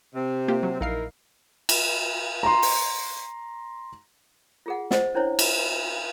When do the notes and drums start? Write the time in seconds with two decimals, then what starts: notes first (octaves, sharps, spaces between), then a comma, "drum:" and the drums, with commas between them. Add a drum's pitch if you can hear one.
0.15 C3 C4
0.48 A#3 F4 G4
0.63 F#3
0.81 A#1 D#4 E4 A#4 F5 C7
1.69 drum: cymbal
2.43 A#5 C6
2.62 drum: open hi-hat
4.66 F4 G#4 F#5
4.91 C5 D#5 F#5, drum: snare
5.14 C#4 D4 E4 C5 C#5
5.39 drum: cymbal